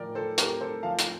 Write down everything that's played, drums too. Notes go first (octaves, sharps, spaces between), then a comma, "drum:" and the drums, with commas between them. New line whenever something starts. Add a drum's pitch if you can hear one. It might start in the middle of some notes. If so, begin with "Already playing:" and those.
Already playing: A2 F3 A#4 D5 G5
A4 C5
C4 G4 A#4, drum: hi-hat
A4 C5
F3 F5 A5
drum: hi-hat